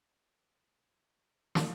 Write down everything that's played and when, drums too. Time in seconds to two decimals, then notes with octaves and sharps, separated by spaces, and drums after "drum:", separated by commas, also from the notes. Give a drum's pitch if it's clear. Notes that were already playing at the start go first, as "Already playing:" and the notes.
Already playing: D2 D3 G3
0.94 G#2 D#3 G3 D4
1.55 drum: snare